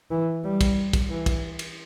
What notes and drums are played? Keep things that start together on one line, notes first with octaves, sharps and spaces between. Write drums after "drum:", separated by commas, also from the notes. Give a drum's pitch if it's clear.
E3
G3
drum: kick, cymbal
drum: kick, cymbal
E3
drum: kick, cymbal
drum: cymbal